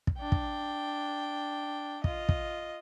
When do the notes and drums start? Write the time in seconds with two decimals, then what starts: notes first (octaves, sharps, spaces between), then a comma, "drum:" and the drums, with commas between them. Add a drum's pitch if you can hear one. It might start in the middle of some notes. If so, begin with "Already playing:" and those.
0.07 drum: kick
0.19 D4 G5
0.32 drum: kick
2.04 F4 D#5, drum: kick
2.29 drum: kick